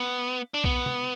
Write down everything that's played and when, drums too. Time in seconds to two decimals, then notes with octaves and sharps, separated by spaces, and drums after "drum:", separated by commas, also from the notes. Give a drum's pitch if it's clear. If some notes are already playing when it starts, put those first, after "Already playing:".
Already playing: B3
0.54 D4
0.64 B3, drum: kick B1
0.86 drum: tom